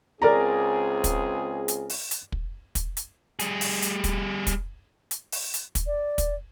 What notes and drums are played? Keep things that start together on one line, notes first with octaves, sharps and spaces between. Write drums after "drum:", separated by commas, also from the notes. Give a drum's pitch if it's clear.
C#2 C4 G#4 A#4 D5 A#5
drum: kick, hi-hat
drum: hi-hat
drum: open hi-hat
drum: hi-hat
drum: kick
drum: kick, hi-hat
drum: hi-hat
G3 G#4, drum: hi-hat
drum: open hi-hat
drum: hi-hat
drum: kick, hi-hat
drum: kick, hi-hat
drum: hi-hat
drum: open hi-hat
drum: hi-hat
drum: kick, hi-hat
D5
drum: kick, hi-hat